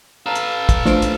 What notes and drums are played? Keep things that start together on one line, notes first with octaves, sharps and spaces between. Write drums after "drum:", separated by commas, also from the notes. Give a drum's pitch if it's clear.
A4 B4 F5 A5 A#5
drum: hi-hat
drum: kick, hi-hat
A3 D4 F4 C5 D7, drum: snare
drum: hi-hat